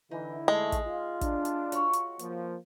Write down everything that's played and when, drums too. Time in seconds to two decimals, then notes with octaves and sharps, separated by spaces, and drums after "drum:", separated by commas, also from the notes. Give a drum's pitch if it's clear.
0.11 D3 E3 D#4 E4
0.48 G#3 A3
0.72 drum: kick, hi-hat
0.85 F4
1.21 D4, drum: kick, hi-hat
1.45 drum: hi-hat
1.72 F#4 C#5, drum: hi-hat
1.93 drum: hi-hat
2.19 F3 A#3, drum: hi-hat